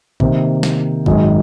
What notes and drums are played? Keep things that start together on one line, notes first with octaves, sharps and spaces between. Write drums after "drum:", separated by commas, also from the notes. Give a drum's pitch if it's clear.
C3 D#3 A#3, drum: kick
drum: snare
G#1 F#2 D#3 G#3, drum: kick